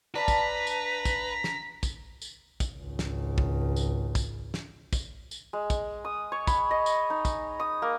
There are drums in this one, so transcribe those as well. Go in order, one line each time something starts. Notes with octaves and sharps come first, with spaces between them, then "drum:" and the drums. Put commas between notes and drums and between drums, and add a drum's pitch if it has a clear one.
D4 B4 F5 A5 A#5 B6
drum: kick, tambourine
drum: tambourine
drum: kick, tambourine
drum: snare
drum: kick, tambourine
drum: tambourine
drum: kick, tambourine
G#1 C#2
drum: snare
drum: kick
drum: tambourine
drum: kick, tambourine
drum: snare
drum: kick, tambourine
drum: tambourine
G#3
drum: kick, tambourine
D#6
C#5
B5, drum: kick, tambourine
D#5
drum: tambourine
D#4
drum: kick, tambourine
D#6
A#3